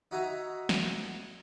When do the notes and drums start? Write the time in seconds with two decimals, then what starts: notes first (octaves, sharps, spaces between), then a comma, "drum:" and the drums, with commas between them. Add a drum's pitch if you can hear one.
0.11 D#4 F#4 E5 G#5 A#5
0.69 drum: snare